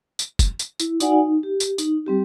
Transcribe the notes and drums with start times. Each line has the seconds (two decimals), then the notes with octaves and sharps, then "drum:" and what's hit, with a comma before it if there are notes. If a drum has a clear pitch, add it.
0.19 drum: tambourine
0.39 drum: kick, tambourine
0.59 drum: tambourine
0.80 E4, drum: tambourine
1.00 D#4 F#4 D5 F#5 G#5, drum: tambourine
1.12 D#4
1.43 G4
1.60 drum: tambourine
1.78 D#4, drum: tambourine
2.07 G3 C4 G4